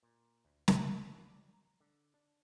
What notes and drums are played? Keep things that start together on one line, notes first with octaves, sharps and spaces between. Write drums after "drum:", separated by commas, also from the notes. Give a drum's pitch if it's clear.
A#2
D2
D3, drum: snare
E3
D5
A#5
D3
D4